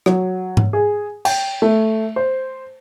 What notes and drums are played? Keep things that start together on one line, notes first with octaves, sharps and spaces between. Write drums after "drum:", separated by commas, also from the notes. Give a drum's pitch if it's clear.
F#3, drum: rim click
drum: tom G#2
G#4
G5, drum: cymbal
A3
C5